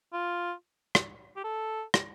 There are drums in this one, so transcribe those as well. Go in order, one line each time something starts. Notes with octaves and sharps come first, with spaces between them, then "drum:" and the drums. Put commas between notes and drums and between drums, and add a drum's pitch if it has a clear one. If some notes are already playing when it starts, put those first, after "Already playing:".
F4
drum: rim click
G4
A4
drum: rim click